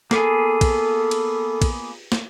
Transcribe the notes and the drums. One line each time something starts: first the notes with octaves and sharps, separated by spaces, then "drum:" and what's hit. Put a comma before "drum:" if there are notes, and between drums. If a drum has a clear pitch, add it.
A#3 B3 G#4 A4, drum: snare
drum: kick, cymbal
drum: cymbal
drum: kick, cymbal
drum: snare